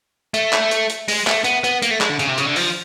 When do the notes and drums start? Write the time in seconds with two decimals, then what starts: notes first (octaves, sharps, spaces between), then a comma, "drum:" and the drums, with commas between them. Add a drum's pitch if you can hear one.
0.34 A3, drum: hi-hat
0.53 drum: clap
0.71 drum: hi-hat
0.90 drum: hi-hat
1.08 G#3, drum: open hi-hat
1.27 A3, drum: clap
1.44 B3, drum: hi-hat
1.64 B3, drum: hi-hat
1.82 A#3, drum: hi-hat
1.91 A3
2.01 G#3, drum: clap
2.10 D3
2.19 C#3, drum: hi-hat
2.29 C3
2.38 C#3, drum: hi-hat
2.46 D3
2.56 F3, drum: open hi-hat